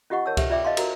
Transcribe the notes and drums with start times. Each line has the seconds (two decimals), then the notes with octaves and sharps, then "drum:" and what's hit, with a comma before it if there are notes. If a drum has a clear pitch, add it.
0.10 C#4 F4 G4 D#5 F#5 C#6
0.26 A#4 C#5 A5 E6
0.37 G4 E5, drum: kick C#2, cymbal
0.50 C#4 F4 D5 E5 G5 D6
0.65 D#5 F5 A5 C6
0.77 F#4 A#4 A#5, drum: cymbal